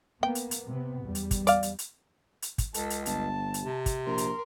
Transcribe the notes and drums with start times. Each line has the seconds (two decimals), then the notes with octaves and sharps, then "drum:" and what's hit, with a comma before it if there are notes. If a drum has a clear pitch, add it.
0.23 A#3 B3 G5
0.35 drum: hi-hat
0.51 drum: hi-hat
0.67 C3 B3
1.04 E2 G3
1.15 drum: hi-hat
1.31 drum: kick, hi-hat
1.47 D5 F5, drum: hi-hat
1.63 drum: hi-hat
1.79 drum: hi-hat
2.42 drum: hi-hat
2.58 drum: kick, hi-hat
2.74 C#2 A4, drum: hi-hat
2.90 drum: hi-hat
3.06 G1 A5, drum: hi-hat
3.54 drum: hi-hat
3.63 C3
3.86 drum: kick, hi-hat
4.06 A#1 A#4 C6
4.18 drum: hi-hat